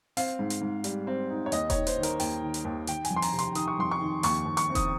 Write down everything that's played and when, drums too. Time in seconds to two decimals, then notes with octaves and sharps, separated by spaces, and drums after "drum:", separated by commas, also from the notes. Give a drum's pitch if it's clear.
0.17 C4 F5, drum: open hi-hat
0.39 G#2
0.50 drum: hi-hat
0.62 G#2
0.84 G3, drum: hi-hat
1.07 C4
1.30 D#4
1.46 C#5
1.52 D#2 D#5, drum: hi-hat
1.70 C#5, drum: kick E1, hi-hat
1.75 D#3
1.87 C5, drum: hi-hat
1.98 D#3
2.03 A#4, drum: hi-hat
2.20 D#2 G5, drum: open hi-hat
2.42 D#3
2.54 drum: hi-hat
2.65 D#2
2.87 D#3 G5, drum: hi-hat
3.05 G#5, drum: hi-hat
3.10 F2
3.16 C6
3.22 A#5, drum: open hi-hat
3.33 C3
3.39 C6, drum: hi-hat
3.55 D#3 D#6, drum: hi-hat
3.68 C#6
3.79 F2 C6
3.91 C#6
4.01 D#3
4.23 D#2 C#6, drum: open hi-hat
4.46 D#2
4.57 C#6, drum: hi-hat
4.69 C4
4.75 D#6, drum: kick E1, hi-hat